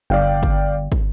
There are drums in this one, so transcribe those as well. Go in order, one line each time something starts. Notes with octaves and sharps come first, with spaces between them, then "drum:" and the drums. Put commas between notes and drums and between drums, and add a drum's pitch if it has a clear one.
G1 D5 F5 G5
drum: kick
drum: kick